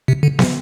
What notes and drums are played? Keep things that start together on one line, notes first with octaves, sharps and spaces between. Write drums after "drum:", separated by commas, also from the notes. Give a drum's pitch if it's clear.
C3
D3
C3, drum: snare